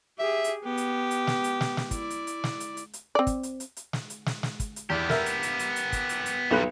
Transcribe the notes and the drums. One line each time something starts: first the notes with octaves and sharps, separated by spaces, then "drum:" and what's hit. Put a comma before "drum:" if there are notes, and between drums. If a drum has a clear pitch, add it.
G4 G#4 E5
drum: hi-hat
B3 G4
drum: hi-hat
drum: hi-hat
drum: snare
drum: hi-hat
drum: snare
drum: snare
E4 D5, drum: kick, hi-hat
drum: hi-hat
drum: hi-hat
drum: snare
drum: hi-hat
drum: hi-hat
drum: hi-hat
C4 D5
drum: kick, hi-hat
drum: hi-hat
drum: hi-hat
drum: hi-hat
drum: snare
drum: hi-hat
drum: snare
drum: snare
drum: kick, hi-hat
drum: hi-hat
E2 B3 G4
A#4 E5, drum: snare
drum: hi-hat
drum: hi-hat
drum: hi-hat
drum: hi-hat
drum: kick, hi-hat
drum: hi-hat
drum: hi-hat
B1 A#2 G3 B3 F#6